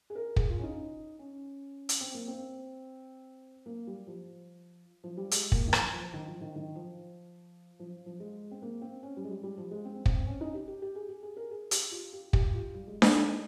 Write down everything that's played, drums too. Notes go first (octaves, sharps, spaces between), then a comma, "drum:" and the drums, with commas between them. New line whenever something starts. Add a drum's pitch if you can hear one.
G#4
A#4
G#4, drum: kick
F4
C#4
D#4
C#4
drum: hi-hat
C4
A#3
C4
A#3
G3
F3
F3
G3
G#3, drum: hi-hat
A#3, drum: kick
D#3
F3, drum: rim click
F3
D#3
F3
D#3
D#3
F3
F3
F3
G#3
C4
A#3
C4
C#4
G3
G#3
G3
G3
F3
G#3
C4
C4, drum: kick
C#4
D#4
G4
G4
G4
G#4
G4
G#4
A#4
G#4
G4, drum: hi-hat
F4
G4
G4, drum: kick
F4
G3
G#3
A#3, drum: snare D4
D#4